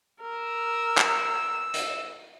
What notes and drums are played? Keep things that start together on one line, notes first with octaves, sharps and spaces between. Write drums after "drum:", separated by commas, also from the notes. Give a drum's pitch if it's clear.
A#4 E6
drum: clap
drum: hi-hat